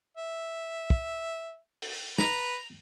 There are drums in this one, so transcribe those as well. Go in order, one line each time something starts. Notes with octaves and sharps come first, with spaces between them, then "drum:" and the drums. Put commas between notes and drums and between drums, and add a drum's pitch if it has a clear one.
E5
drum: kick
drum: open hi-hat
B4 A#5, drum: snare